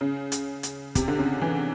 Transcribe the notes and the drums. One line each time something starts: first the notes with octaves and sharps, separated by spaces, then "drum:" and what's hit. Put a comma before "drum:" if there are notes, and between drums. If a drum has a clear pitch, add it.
C#3
drum: hi-hat
drum: hi-hat
C3, drum: kick, hi-hat
D3
C#3
E3